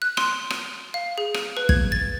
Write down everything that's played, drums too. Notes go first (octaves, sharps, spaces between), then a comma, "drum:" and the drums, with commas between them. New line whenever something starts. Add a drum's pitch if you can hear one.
F#6
C6, drum: rim click
drum: rim click
F5
G#4
drum: rim click
B4
G#6, drum: kick
A6